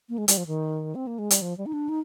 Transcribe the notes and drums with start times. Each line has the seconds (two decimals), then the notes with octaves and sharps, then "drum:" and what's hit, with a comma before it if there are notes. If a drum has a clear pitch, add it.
0.09 A#3
0.18 G#3
0.28 G3, drum: hi-hat
0.37 F3
0.47 D#3
0.95 C4
1.07 A#3
1.19 G#3
1.31 G3, drum: hi-hat
1.42 F3
1.58 G3
1.66 D#4
1.73 D4
1.89 D#4